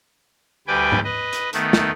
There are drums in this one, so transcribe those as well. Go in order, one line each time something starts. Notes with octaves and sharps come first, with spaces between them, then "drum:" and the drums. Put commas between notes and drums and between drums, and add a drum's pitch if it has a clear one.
D2 G3 B4 G5 G#5 D6
drum: tom G#2
B4 D#5
drum: hi-hat
D#3 A3 B3, drum: hi-hat
drum: snare